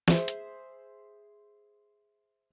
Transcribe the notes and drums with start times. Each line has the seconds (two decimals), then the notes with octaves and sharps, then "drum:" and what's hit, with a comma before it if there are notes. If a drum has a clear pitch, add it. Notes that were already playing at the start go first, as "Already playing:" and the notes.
0.08 G#4 C5 E5, drum: snare
0.28 drum: hi-hat